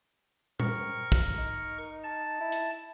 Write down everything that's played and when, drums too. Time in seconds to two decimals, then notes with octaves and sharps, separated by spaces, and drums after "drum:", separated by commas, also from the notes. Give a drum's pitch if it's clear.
0.60 C4 A#4 C#6, drum: tom A#2
1.12 drum: kick
1.38 D#4
2.04 A5
2.41 E4
2.52 drum: hi-hat